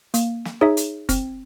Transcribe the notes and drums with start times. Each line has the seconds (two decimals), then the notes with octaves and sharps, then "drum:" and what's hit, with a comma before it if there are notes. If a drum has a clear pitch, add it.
0.14 A#3, drum: hi-hat
0.45 drum: snare
0.61 D#4 G#4 C#5 E5
0.77 drum: hi-hat
1.09 C4, drum: kick, hi-hat